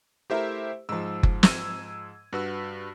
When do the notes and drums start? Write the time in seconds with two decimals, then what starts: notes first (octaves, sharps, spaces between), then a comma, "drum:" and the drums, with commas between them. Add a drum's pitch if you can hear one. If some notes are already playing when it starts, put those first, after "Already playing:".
0.30 A3 E4 G4 A#4 C5 E5
0.89 G#2 F3 E6
1.23 drum: kick F#1
1.43 E6 G#6 D#7, drum: snare
2.33 G2 F#4 B4 E6